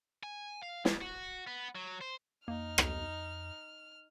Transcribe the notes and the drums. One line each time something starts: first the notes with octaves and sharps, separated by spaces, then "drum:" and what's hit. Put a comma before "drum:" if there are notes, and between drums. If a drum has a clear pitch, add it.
G#5
F5
F2, drum: snare
F#4
B3
F#3
C5
F2 A#3 D#4 F6
drum: rim click